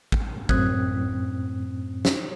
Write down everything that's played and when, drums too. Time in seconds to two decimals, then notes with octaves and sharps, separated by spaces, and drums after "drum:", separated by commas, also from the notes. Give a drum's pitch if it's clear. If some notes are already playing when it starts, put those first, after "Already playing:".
0.12 drum: kick
0.49 F#2 A2 C4 D#6 F#6 G#6, drum: kick
2.05 drum: snare